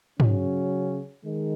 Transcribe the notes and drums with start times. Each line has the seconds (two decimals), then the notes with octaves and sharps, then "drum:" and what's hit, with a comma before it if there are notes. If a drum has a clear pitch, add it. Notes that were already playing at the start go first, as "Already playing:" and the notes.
0.20 C#3 F#3 C#4, drum: tom
1.23 D#3 G#3